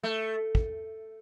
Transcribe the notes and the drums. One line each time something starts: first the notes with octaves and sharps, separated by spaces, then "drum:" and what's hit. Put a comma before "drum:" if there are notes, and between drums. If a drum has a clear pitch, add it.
A3
drum: kick